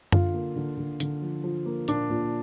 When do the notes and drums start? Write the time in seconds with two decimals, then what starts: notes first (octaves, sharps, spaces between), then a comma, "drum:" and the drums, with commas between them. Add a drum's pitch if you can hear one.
0.12 D3 F4, drum: tom F#2
0.34 A#3
0.56 D3
0.77 D3
1.00 D3, drum: hi-hat
1.22 F3
1.44 F3
1.66 A#3
1.88 A#2 D4, drum: hi-hat
2.10 A#2